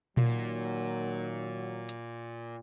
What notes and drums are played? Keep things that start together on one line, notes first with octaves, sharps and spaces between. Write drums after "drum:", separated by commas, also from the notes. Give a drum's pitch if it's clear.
A#2 D#3 F#3, drum: tom A#2
drum: hi-hat